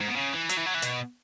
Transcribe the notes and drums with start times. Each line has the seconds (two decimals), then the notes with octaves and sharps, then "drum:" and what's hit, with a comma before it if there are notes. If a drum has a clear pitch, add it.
0.01 G#2
0.09 B2
0.16 C#3
0.33 E3
0.49 F#3, drum: hi-hat
0.57 E3
0.66 F#3
0.75 E3
0.82 B2, drum: hi-hat